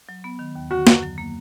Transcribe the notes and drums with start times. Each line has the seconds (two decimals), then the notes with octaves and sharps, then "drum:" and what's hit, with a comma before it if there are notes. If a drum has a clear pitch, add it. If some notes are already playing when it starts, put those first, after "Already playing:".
0.09 F#3
0.24 B3
0.39 D#3
0.55 D#2
0.71 D3 F#4
0.87 F#2, drum: snare
1.03 F#3
1.18 A#3